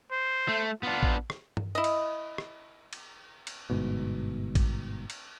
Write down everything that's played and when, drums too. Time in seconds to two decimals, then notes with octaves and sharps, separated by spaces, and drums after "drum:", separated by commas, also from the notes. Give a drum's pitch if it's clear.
0.11 C5
0.48 A3
0.83 B3 D4 F4
1.03 drum: kick A1
1.30 drum: rim click
1.57 drum: tom G2
1.75 E4 D#5
1.84 drum: cymbal
2.38 drum: rim click
2.93 drum: cymbal
3.47 drum: cymbal
3.70 G1 G#2 B2
4.55 drum: kick A1, cymbal
5.10 drum: cymbal